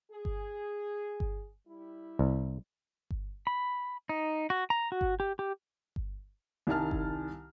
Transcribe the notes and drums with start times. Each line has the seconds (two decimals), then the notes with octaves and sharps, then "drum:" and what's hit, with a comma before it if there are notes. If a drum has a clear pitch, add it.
0.12 G#4
0.25 drum: kick G1
1.20 drum: kick G1
1.68 G3 E4
2.19 C2
3.11 drum: kick G1
3.47 B5
4.09 D#4
4.50 F#4
4.70 A#5
4.92 F#4
5.01 drum: kick G1
5.20 G4
5.39 G4
5.96 drum: kick G1
6.67 C2 D#3 G#5 A5 F6
6.91 drum: kick G1